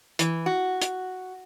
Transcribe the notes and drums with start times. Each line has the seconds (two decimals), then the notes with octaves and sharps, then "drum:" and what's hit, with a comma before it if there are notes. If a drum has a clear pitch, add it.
0.19 E3, drum: hi-hat
0.46 F#4
0.82 drum: hi-hat